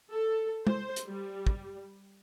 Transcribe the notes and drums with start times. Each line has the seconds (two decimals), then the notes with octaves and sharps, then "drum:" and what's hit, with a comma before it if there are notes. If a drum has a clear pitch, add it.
0.10 A4
0.67 C5, drum: tom G#3
0.96 drum: hi-hat
1.07 G3
1.47 drum: kick